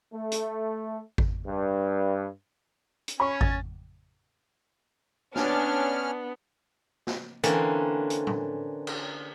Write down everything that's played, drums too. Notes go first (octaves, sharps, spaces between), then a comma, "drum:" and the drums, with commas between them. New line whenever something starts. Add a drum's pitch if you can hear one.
A3
drum: hi-hat
drum: kick G#1
G2
drum: hi-hat
C#4 C#5 B5 C#6
A6, drum: kick G#1
B3 C#4 D4 F6, drum: snare
drum: snare
D3 E3 A#3 C4 C#4, drum: hi-hat
drum: hi-hat
drum: tom
drum: cymbal